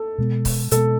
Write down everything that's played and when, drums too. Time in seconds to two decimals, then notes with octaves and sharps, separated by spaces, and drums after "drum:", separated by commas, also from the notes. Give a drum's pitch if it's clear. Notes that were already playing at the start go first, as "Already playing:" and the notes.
Already playing: A4
0.18 B2 G#3 B3
0.45 drum: kick C#1, open hi-hat
0.71 B2 G#3 B3 A4, drum: hi-hat